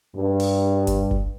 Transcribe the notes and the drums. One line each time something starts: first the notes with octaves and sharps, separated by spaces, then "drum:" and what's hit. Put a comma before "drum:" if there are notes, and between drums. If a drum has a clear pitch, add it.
G2
drum: open hi-hat
drum: kick F#1, hi-hat
drum: kick F#1